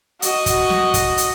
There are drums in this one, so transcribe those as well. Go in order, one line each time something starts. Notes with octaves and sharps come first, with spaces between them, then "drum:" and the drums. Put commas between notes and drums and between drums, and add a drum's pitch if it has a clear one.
F#4 D#5, drum: hi-hat
drum: kick, hi-hat
drum: snare
drum: kick, hi-hat
drum: hi-hat